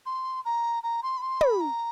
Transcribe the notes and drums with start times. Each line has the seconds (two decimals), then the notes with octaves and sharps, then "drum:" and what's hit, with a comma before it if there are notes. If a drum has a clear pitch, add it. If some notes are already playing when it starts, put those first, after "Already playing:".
0.06 C6
0.45 A#5
0.83 A#5
1.03 C6
1.18 B5
1.22 C6
1.41 B5, drum: tom
1.61 A#5